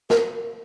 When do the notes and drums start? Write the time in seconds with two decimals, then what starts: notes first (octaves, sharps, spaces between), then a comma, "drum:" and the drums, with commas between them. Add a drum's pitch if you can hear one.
0.10 A#4, drum: snare